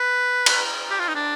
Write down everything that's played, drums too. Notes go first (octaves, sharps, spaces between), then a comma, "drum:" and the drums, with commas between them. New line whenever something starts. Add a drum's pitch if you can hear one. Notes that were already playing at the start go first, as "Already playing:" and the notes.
Already playing: B4
drum: cymbal
G4
F4
D#4
D4